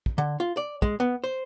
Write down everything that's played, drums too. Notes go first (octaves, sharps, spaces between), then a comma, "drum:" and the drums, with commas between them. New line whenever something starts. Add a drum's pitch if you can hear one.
drum: kick
D3
F4
D5
G#3, drum: kick
B3
C5